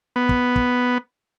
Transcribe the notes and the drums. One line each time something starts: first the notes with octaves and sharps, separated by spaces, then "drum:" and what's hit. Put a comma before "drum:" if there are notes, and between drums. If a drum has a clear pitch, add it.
B3
drum: kick
drum: kick